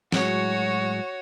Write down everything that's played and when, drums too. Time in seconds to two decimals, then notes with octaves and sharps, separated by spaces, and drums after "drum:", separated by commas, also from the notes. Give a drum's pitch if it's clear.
0.12 A2 F#3 G#3 F#4 C#5, drum: snare